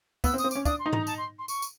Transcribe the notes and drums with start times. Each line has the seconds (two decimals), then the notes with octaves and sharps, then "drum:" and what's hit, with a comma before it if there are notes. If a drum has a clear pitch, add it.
0.24 B3 E6, drum: kick, tambourine
0.34 C4
0.38 D#6, drum: tambourine
0.44 C4
0.51 C#4 D6, drum: tambourine
0.65 D4 D#6, drum: kick, tambourine
0.79 C6
0.86 D#4
0.93 A#5, drum: tom G#2
1.07 A5, drum: tambourine
1.18 C6
1.39 C6
1.48 C#6, drum: tambourine
1.62 drum: tambourine